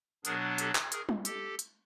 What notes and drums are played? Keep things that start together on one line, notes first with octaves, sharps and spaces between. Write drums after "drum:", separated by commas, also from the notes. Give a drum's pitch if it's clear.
B2 F#3 B3 D4 G#4 A#4, drum: hi-hat
G4 A4, drum: hi-hat
drum: clap
G#4 A#4, drum: hi-hat
drum: tom
G4 A4, drum: hi-hat
drum: hi-hat